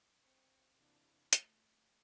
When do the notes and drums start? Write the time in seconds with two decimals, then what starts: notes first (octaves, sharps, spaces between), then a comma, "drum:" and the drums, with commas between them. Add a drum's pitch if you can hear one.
0.18 C4 C#6
0.74 C3 E3 A#3 D4
1.33 A3, drum: hi-hat